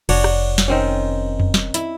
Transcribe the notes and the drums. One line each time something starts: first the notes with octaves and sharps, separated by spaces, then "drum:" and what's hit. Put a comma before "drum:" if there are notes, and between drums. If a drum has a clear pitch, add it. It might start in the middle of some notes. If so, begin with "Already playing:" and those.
F1 D4 F#4 C#5, drum: cymbal
drum: rim click
drum: snare
D#3 C4 C#4
drum: tom F2
drum: snare
E4, drum: hi-hat